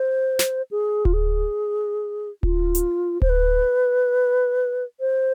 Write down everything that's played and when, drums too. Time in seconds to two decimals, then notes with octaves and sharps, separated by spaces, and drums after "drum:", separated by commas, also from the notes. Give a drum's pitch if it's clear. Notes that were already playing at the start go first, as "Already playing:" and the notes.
Already playing: C5
0.39 drum: snare
0.71 G#4
1.05 F4, drum: kick D1
1.14 G#4
2.43 F4, drum: kick D1
2.75 drum: hi-hat
3.22 C5, drum: kick D1
3.29 B4
5.00 C5